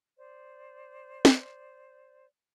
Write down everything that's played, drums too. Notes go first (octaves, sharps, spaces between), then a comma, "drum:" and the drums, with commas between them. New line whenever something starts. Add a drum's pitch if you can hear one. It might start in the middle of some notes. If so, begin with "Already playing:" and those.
C5 D5
drum: snare